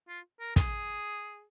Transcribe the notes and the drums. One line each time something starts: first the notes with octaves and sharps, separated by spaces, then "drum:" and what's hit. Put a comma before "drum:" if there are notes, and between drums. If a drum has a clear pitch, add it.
F4
A#4
G#4, drum: kick, hi-hat